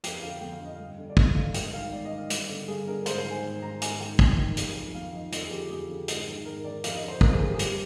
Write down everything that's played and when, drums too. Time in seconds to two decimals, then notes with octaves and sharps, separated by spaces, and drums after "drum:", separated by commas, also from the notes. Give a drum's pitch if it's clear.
0.04 F2 G5, drum: hi-hat
0.22 D3 F5
0.41 F2 G5
0.53 F5
0.60 D3 D#5
0.75 G2 F5
0.98 D3
1.10 D5
1.17 G2 D#5, drum: kick
1.36 D3 F5
1.54 G#2 G5, drum: hi-hat
1.73 D#3 F5
1.93 G#2 D5
2.05 D#5
2.12 D#3
2.18 F5
2.30 G2, drum: hi-hat
2.49 D3
2.68 G2 G#4
2.87 D3 A#4
3.06 G#2 C5, drum: hi-hat
3.18 C5
3.25 D#3
3.31 G#5
3.43 G#2
3.62 D#3 A#5
3.82 G#2 G#5, drum: hi-hat
4.00 D#3 G5
4.19 G#2, drum: kick
4.38 D#3
4.57 F2, drum: hi-hat
4.76 D#3
4.95 F2 F5
5.13 D#3 D#5
5.32 F2 F4, drum: hi-hat
5.47 G#4
5.51 D3 G4
5.70 F2 G#4
5.89 D3
6.08 G#2, drum: hi-hat
6.27 D#3
6.45 G#2 A#4
6.65 D#3 D5
6.84 F2 F5, drum: hi-hat
6.96 D#5
7.03 D3
7.08 C5
7.21 F2 A#4, drum: kick
7.34 G#4
7.40 D3
7.47 G4
7.54 G#4
7.59 G2 G4, drum: hi-hat